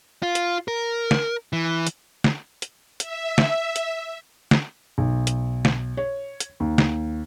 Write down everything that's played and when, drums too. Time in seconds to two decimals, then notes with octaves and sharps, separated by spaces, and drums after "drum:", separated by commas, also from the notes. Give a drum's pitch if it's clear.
0.23 F4
0.35 drum: hi-hat
0.68 A#4
1.11 drum: snare
1.53 E3
1.87 drum: hi-hat
2.24 drum: snare
2.62 drum: hi-hat
3.00 E5, drum: hi-hat
3.38 drum: snare
3.76 drum: hi-hat
4.51 drum: snare
4.98 B1
5.27 drum: hi-hat
5.65 drum: snare
5.97 C#5
6.40 drum: hi-hat
6.60 D#2
6.78 drum: snare